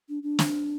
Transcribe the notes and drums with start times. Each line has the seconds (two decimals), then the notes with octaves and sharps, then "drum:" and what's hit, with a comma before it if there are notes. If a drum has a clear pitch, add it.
0.09 D4
0.23 D4
0.39 drum: snare